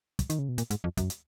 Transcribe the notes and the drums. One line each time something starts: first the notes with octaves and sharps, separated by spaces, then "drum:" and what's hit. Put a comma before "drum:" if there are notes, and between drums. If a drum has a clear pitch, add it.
drum: kick, hi-hat
D#3, drum: hi-hat
C#3
B2
A#2, drum: hi-hat
G#2, drum: hi-hat
F2
F#2, drum: kick, hi-hat
drum: hi-hat